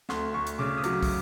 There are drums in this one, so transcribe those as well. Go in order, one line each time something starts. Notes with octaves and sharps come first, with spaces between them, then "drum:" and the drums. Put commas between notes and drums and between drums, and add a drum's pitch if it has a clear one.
D2 C6, drum: snare
D2 C#6
drum: hi-hat
C#3 D6
D#6
F#3 D6, drum: hi-hat
drum: kick, open hi-hat